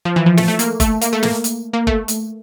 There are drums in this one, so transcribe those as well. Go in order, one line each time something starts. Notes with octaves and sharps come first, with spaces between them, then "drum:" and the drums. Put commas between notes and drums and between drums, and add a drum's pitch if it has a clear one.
F3
E3
F3
A3, drum: snare
A3
A#3, drum: hi-hat
A3, drum: kick G1, hi-hat
A#3, drum: hi-hat
A3
A#3, drum: snare
drum: hi-hat
A#3
A3, drum: kick G1
drum: hi-hat